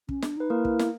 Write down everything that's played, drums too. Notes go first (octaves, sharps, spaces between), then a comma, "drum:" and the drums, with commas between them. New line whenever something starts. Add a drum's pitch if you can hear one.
C#4, drum: kick
D4, drum: snare
D#4 B4
A#3 E4 A#4
drum: kick
drum: snare